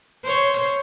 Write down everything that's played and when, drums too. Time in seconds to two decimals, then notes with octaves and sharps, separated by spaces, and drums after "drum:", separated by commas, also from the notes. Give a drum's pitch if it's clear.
0.25 C5 C#5
0.54 drum: hi-hat